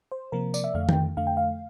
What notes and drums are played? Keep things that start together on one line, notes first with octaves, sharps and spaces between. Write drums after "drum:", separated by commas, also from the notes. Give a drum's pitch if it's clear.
C5
C3 F3 A#3 A#4
D5, drum: tambourine
E5
F2 D3 A3 F5
G5, drum: tom D#3
F2 D3 A3 F5
G5
F5